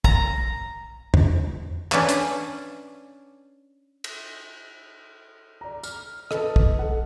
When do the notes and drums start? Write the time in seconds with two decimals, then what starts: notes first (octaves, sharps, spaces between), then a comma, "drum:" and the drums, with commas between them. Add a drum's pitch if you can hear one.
0.04 A#5, drum: kick
1.14 drum: tom
1.92 C#4 D4 B4, drum: clap
2.09 drum: hi-hat
4.04 drum: cymbal
5.61 D5 A#5
5.83 F6, drum: tambourine
6.31 A4 B4 D#5 A5, drum: rim click
6.56 drum: kick
6.79 A4 F#5